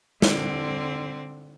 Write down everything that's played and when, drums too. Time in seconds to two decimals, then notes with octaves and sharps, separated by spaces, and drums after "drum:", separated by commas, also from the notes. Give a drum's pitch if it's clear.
0.22 D3 C4, drum: snare